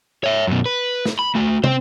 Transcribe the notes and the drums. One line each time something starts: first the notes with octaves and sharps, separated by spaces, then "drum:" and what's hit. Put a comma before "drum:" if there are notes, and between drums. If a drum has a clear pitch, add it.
C#5 E5
F#2 B2
B4
drum: snare
B5
A3 F#4
C4 C5, drum: tom